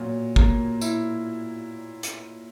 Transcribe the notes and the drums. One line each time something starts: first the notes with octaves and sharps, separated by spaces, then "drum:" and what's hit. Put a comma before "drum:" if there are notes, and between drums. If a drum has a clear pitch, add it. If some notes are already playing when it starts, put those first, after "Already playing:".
Already playing: A#2 F#3
A#3, drum: kick
E4, drum: tambourine
drum: hi-hat